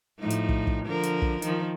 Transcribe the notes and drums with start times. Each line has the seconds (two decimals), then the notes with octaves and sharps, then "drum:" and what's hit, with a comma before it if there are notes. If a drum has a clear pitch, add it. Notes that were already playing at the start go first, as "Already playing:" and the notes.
0.19 A2 F3 D#4
0.30 drum: hi-hat
0.49 drum: kick
0.67 drum: kick
0.85 D3 F3 A#4
1.03 drum: hi-hat
1.22 drum: kick
1.42 D#3 F3, drum: hi-hat